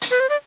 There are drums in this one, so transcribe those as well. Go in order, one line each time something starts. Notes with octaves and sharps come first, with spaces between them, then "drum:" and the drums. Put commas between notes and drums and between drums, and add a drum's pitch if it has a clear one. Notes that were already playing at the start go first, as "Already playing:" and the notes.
drum: hi-hat
B4
C5
D5